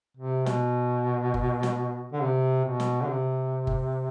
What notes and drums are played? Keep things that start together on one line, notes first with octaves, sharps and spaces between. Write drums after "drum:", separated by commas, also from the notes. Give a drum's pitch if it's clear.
C3
B2, drum: snare
drum: kick G1
drum: snare
D3
C3
B2
drum: snare
D3
C3
drum: kick G1